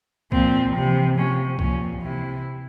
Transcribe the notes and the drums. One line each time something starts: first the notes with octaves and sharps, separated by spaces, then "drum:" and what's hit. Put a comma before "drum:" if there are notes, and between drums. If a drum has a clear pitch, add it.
A#2 F3 C4, drum: kick C2
C3 E3
C3 F3 C#4
A#2 F3 C#4, drum: kick C2
C3 E3 E4